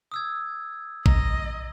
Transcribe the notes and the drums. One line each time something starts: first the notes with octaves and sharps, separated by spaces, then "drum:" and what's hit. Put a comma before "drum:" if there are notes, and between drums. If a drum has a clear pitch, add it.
D#6 E6 G#6
D#5 A#5, drum: kick